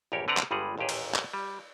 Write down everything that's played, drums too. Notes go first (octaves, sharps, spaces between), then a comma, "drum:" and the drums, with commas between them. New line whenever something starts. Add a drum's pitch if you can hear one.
A#1 E2 G2 G4 A#4 C#5
D3 C4 B4 D5 F#5 A#5
drum: clap
G1 G2 G3 G#3 G#4 F#5
A1 D#2 A#2 G4 G#4
drum: cymbal
drum: clap
G3